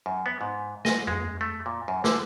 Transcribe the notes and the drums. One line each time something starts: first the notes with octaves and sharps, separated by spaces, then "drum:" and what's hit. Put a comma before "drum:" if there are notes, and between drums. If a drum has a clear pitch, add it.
F#2
B3
G#2
D#5, drum: snare
G#3, drum: tom F2
A3
A#2
F#2
D3, drum: snare